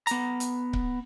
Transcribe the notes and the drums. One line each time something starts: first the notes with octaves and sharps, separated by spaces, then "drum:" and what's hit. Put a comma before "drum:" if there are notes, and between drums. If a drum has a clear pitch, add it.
B3 A#5, drum: hi-hat
drum: hi-hat
drum: kick C#1